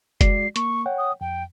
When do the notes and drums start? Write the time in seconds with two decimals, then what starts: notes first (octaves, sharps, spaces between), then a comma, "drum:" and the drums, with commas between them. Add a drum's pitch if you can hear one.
0.21 G#3 F#4 D5 C7, drum: kick, hi-hat
0.56 A#3 C#6, drum: hi-hat
0.86 C#5 F#5 G5
0.98 D#6
1.21 F2 G5